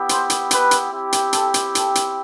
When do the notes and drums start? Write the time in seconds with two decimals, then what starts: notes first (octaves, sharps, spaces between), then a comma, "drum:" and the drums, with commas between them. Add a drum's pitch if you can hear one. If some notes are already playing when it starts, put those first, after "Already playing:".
Already playing: B3 E4 G4
0.09 C5, drum: hi-hat
0.30 drum: hi-hat
0.51 B4, drum: hi-hat
0.71 drum: hi-hat
0.92 C4 E4 G4
1.12 drum: hi-hat
1.33 A4, drum: hi-hat
1.54 drum: hi-hat
1.75 A4, drum: hi-hat
1.95 drum: hi-hat